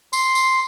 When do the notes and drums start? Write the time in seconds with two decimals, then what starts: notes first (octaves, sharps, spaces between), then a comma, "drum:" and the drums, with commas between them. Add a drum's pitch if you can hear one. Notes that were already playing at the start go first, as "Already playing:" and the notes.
0.13 C6, drum: tambourine
0.35 drum: tambourine